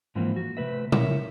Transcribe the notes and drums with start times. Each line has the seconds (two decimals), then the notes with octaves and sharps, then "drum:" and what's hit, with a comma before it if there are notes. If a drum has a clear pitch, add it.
0.15 G#2 E3 F3 A#3 C4
0.36 F#4
0.57 C3 A3 B4 E5
0.92 C#3 E4 A#4 C#5 E5, drum: tom A#2